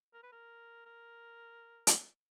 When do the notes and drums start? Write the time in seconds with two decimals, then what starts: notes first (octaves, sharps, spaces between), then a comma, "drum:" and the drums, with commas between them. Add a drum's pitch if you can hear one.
0.14 A#4
0.23 B4
0.32 A#4
0.86 A#4
1.87 drum: hi-hat